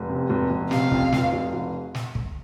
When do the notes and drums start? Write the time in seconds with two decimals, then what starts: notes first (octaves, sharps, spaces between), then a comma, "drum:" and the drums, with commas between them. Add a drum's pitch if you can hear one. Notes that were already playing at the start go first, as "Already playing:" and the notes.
Already playing: F1
0.09 C3
0.30 F1
0.50 F1
0.71 C3 F5, drum: snare
0.92 F2, drum: kick
1.12 F1, drum: snare
1.33 F1
1.53 F1
1.95 drum: snare
2.15 drum: kick